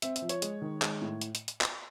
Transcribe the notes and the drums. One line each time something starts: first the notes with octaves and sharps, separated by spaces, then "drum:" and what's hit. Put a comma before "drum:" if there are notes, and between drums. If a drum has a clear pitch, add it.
C4 E5, drum: hi-hat
E5, drum: hi-hat
F3
C#5, drum: hi-hat
G#3, drum: hi-hat
D#3
G#3, drum: clap
A2
drum: hi-hat
drum: hi-hat
drum: hi-hat
drum: clap